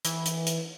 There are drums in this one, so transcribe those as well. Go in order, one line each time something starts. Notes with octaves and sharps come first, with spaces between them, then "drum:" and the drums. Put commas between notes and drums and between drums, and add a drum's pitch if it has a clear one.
E3, drum: hi-hat
drum: hi-hat
drum: hi-hat